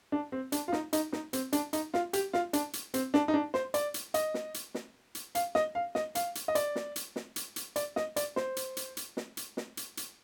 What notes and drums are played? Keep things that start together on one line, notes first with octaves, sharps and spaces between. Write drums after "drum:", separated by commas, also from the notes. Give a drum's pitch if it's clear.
D4
C4
D4, drum: hi-hat
F4
D#4, drum: snare
D#4, drum: hi-hat
D#4, drum: snare
C4, drum: hi-hat
D4, drum: hi-hat
D#4, drum: hi-hat
F4, drum: snare
G4, drum: hi-hat
F4, drum: snare
D4, drum: hi-hat
drum: hi-hat
C4, drum: hi-hat
D4, drum: snare
D#4
D4
C5, drum: snare
D5, drum: hi-hat
drum: hi-hat
D#5, drum: hi-hat
drum: snare
drum: hi-hat
drum: snare
drum: hi-hat
F5, drum: hi-hat
D#5, drum: snare
F5
D#5, drum: snare
F5, drum: hi-hat
drum: hi-hat
D#5
D5, drum: hi-hat
drum: snare
drum: hi-hat
drum: snare
drum: hi-hat
drum: hi-hat
D5, drum: hi-hat
D#5, drum: snare
D5, drum: hi-hat
C5, drum: snare
drum: hi-hat
drum: hi-hat
drum: hi-hat
drum: snare
drum: hi-hat
drum: snare
drum: hi-hat
drum: hi-hat